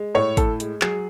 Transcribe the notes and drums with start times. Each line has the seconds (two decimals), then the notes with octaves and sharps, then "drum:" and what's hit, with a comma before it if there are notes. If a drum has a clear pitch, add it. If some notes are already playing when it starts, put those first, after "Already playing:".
Already playing: G#3
0.15 A2 C#5
0.37 A2 A4, drum: kick, hi-hat
0.60 G#3, drum: hi-hat
0.81 F#3 G#4, drum: clap